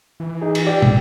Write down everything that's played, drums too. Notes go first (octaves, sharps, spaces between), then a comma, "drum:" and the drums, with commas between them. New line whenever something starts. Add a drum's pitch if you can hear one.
E3
D#4 G#4
drum: cymbal
G4 D5 G5
A#1, drum: tom